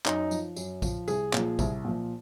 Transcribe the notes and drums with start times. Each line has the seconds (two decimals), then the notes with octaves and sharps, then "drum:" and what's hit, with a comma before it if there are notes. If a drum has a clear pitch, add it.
0.06 F#2 D#4, drum: clap
0.31 F3, drum: tambourine
0.56 F#2, drum: tambourine
0.82 F3, drum: kick A#1, tambourine
1.08 C2 G#4, drum: tambourine
1.33 A#2 F3, drum: clap
1.59 C2, drum: kick A#1, tambourine
1.85 A#2 F3